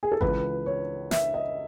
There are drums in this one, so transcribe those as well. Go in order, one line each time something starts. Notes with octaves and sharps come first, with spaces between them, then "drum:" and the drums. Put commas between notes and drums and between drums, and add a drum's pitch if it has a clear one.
G#4
A4
C#2 C#3 E3 B4, drum: kick G#1
C#5
E5, drum: snare
D#5